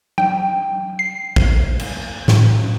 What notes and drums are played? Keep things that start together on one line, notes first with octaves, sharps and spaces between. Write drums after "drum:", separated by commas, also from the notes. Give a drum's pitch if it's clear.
G5, drum: tom F#3
C7
drum: kick
drum: cymbal
A2, drum: snare